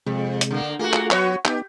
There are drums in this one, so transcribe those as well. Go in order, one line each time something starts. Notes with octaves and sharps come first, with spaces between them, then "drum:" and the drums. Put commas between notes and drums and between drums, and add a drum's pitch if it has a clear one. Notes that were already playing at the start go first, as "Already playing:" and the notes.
F2 C3 G#3
drum: hi-hat
D3 A#3
A3 A#3 F4 F#4 G#4
drum: clap
F#3 B3 F#4 C#5, drum: clap
B3 D#4 G4, drum: clap